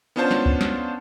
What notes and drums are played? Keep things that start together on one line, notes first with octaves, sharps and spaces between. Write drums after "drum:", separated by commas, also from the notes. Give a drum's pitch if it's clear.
B3 C#4 D4 F4 C5 A5
drum: snare
drum: kick C#2
drum: snare